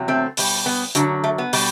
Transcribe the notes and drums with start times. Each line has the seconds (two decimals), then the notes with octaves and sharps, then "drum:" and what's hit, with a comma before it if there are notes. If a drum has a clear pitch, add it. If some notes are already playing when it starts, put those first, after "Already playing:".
Already playing: E2 C3 F#3
0.08 A3 C4
0.37 B2 G3, drum: open hi-hat
0.66 B3
0.95 F#2 D3 F#3, drum: hi-hat
1.24 A3
1.38 B3
1.53 B2 G3, drum: open hi-hat